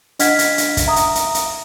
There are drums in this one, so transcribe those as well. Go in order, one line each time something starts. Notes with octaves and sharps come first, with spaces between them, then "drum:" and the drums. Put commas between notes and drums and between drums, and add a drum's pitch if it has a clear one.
D4 D#5 F#5 F6 G#6 B6, drum: hi-hat
drum: hi-hat
drum: hi-hat
drum: kick, hi-hat
E5 A#5 D#6
drum: hi-hat
drum: hi-hat
drum: hi-hat